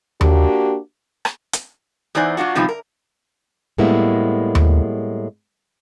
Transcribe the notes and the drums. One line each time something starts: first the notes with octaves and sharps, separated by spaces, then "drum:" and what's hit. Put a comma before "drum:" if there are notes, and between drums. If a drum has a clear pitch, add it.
A#3 D4 F#4 G4, drum: tom D#2
drum: rim click
drum: hi-hat
E2 E3 D#4 C5 D5 G#5
F#3 D4 F4 F#4
C3 F3 G3 B3 D#4 F4
A#4
A2 G3 G#3 A#3 B3 E4
drum: tom D#2